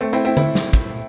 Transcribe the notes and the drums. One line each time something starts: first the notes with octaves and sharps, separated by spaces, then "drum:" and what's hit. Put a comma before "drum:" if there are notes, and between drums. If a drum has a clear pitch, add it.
A3 C4
C4 E4
C4 E4
C4 E4, drum: tom D3
drum: snare
drum: kick, hi-hat